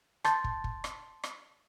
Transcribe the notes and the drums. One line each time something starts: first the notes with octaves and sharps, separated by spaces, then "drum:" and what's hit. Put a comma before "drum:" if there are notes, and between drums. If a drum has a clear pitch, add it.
A5 C6 G6 A6, drum: rim click
drum: kick
drum: kick
drum: rim click
drum: rim click